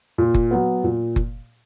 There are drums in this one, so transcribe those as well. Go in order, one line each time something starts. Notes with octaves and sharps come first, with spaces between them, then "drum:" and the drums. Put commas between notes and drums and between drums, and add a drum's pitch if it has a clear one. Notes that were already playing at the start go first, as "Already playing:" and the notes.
A#2
drum: kick F#1
F#3 B3
A#2
drum: kick F#1